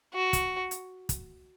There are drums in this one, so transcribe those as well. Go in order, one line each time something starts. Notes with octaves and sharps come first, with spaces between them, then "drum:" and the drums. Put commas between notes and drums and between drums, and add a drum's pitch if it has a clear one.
F#4
drum: kick, hi-hat
drum: hi-hat
drum: kick, hi-hat